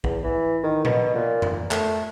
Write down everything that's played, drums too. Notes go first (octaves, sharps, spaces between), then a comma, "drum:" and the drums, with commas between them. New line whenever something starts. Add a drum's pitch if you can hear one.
E2, drum: kick A#1
E3
D#3
B2, drum: tom A#2
A#2
drum: tom F2
A3, drum: clap